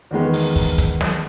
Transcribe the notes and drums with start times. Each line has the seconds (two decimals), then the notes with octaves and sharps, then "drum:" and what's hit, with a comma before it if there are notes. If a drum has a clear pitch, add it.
0.11 E2 D#3 G#3 B3
0.33 drum: open hi-hat
0.56 drum: kick, open hi-hat
0.78 drum: kick, hi-hat
1.01 drum: snare